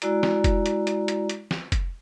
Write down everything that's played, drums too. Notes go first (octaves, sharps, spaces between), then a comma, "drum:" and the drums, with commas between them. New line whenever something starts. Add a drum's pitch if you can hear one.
G#3 E4 F#4 D5 A#5, drum: hi-hat
drum: snare
drum: kick F1, hi-hat
drum: hi-hat
drum: hi-hat
drum: hi-hat
drum: hi-hat
drum: snare
drum: kick F1, hi-hat